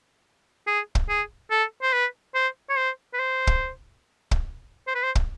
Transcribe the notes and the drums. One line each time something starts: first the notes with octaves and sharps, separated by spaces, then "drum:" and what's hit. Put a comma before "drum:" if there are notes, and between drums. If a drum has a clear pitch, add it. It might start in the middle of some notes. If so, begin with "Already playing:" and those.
G#4
drum: kick
G#4
A4
C5
B4
C5
C#5
C5
B4
C5
drum: kick
drum: kick
C5
B4
C5
drum: kick